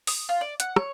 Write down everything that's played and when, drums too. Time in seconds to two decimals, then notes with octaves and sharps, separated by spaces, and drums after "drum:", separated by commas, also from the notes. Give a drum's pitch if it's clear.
0.07 D#6, drum: open hi-hat
0.29 F4
0.41 D5
0.60 F#5, drum: hi-hat
0.76 C#5, drum: rim click